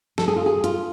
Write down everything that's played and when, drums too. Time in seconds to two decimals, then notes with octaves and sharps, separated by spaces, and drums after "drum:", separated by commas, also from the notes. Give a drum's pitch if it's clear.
0.18 A4, drum: snare
0.28 G#4
0.36 F4
0.46 G#4
0.64 F4, drum: hi-hat